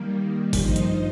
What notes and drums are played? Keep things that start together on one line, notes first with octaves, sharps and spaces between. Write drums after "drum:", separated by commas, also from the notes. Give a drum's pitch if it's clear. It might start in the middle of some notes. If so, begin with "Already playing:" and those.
Already playing: D#3 G3 A#3
G2 F3 D#4 C5 D#5, drum: kick G#1, open hi-hat
drum: hi-hat